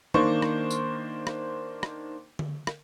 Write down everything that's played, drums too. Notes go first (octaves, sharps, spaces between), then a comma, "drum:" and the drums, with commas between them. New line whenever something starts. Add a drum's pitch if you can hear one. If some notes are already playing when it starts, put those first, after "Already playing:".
D#3 A#3 D4 C5 C#6, drum: tom D#3
drum: rim click
drum: tambourine
drum: rim click
drum: rim click
drum: tom D3
drum: rim click